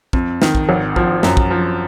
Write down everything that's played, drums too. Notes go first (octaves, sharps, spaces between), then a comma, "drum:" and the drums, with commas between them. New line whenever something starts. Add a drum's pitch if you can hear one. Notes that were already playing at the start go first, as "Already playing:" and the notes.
F2, drum: kick
D#3, drum: snare
drum: kick
G#1
F3, drum: kick
F#2, drum: snare
drum: kick
F3